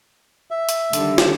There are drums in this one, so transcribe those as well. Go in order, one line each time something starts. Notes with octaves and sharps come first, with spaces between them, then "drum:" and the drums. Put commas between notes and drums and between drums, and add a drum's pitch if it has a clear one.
E5
drum: hi-hat
D3 D#3 G3, drum: hi-hat
drum: snare